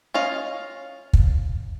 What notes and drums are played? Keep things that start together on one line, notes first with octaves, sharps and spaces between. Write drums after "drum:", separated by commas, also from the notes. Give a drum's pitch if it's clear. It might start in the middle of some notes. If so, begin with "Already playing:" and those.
C#4 F4 D#5 F5
drum: kick